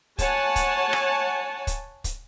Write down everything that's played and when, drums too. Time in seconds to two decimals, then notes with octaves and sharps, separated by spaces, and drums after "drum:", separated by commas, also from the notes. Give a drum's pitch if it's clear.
0.19 C#5 F#5 G#5 A5, drum: kick, hi-hat
0.56 drum: kick, hi-hat
0.93 drum: rim click
1.67 drum: kick, hi-hat
2.04 drum: kick, hi-hat